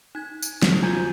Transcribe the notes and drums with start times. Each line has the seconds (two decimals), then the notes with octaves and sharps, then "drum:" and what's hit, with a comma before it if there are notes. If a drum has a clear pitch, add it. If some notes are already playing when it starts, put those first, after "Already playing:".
0.15 D#4 G#6
0.42 drum: tambourine
0.62 drum: snare
0.82 F2 F4 F#4 C5 G#5